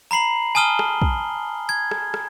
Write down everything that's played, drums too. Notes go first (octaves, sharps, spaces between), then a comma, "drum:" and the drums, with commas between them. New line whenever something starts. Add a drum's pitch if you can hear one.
A#5 B5 C7 F#7
G#5 A5 D#6 F6 G7
drum: rim click
drum: kick
G#6
drum: rim click
drum: rim click